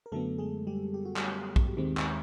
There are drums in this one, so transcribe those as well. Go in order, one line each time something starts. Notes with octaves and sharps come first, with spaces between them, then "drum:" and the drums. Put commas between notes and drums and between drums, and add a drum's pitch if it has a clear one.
A#4
F#2 D3 F#3 A3 B3 A4
G#3 G#4
G3 G4
G4
F#4
G3 G4, drum: clap
drum: kick A#1
D#2 D#3 G#3 C4
drum: clap